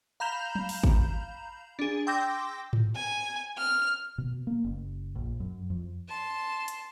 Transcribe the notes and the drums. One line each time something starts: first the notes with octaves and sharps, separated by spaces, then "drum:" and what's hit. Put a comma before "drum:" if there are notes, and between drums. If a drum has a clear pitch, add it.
F5 A#5 B5 G6 E7 F7
drum: tom F#3
drum: open hi-hat
drum: kick G#1
D4 G#4
G5 C6 D6 E6 G6 A#6
drum: tom G#2
G#5
F6
B2
A#3
F#1
A#1
F#2
F2
A5 C6
drum: hi-hat